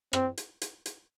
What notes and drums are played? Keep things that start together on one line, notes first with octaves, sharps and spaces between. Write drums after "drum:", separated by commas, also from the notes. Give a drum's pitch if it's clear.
C4, drum: rim click
drum: hi-hat
drum: hi-hat
drum: hi-hat